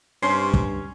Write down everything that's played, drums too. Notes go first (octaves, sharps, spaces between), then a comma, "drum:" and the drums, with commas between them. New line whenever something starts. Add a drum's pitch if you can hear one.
G2 C3 C#4 C6
drum: kick